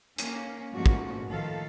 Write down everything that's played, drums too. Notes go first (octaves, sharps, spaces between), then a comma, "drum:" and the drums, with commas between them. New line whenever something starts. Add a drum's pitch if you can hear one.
A#3 C#4, drum: hi-hat
G#2 F3 A3 A#3 C#4 F#4
drum: kick
A2 D#3 F3 A4 F5